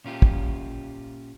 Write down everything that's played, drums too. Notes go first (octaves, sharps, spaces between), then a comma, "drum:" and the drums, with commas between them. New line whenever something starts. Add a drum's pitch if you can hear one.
A#2 C#4 F4 G4
drum: kick